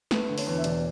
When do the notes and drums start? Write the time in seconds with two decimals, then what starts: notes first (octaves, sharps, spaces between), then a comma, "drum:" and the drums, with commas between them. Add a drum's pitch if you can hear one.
0.11 A3 B4, drum: snare
0.29 D3
0.38 C#5, drum: open hi-hat
0.46 E2
0.58 E5
0.64 E1 D5, drum: hi-hat